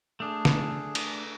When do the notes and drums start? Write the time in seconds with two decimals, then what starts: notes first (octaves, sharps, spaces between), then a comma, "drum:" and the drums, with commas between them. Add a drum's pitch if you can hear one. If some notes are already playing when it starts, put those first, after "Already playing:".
0.20 A3 D4 G#4
0.45 drum: snare
0.95 drum: cymbal